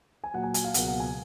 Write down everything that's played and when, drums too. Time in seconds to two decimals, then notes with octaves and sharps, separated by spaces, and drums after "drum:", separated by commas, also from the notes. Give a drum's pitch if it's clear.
0.24 G#5
0.34 A#2 F#3 A#3 F#5
0.43 G#5
0.54 G#5, drum: hi-hat
0.64 F5
0.74 C#2 B2 F#3 A#3 F#5, drum: hi-hat
0.87 F#5
1.00 G#5